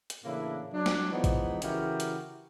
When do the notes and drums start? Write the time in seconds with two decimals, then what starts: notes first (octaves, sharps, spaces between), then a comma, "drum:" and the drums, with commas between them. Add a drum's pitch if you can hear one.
0.10 drum: hi-hat
0.24 A2 C#3 E3 A#3 D4 E4
0.72 F#3 D4
0.86 drum: snare
1.12 E3 F3 G#3 B3 D#4
1.24 drum: kick A1, hi-hat
1.62 C#3 E3 E4 F#4 G4 A#4, drum: hi-hat
2.00 drum: hi-hat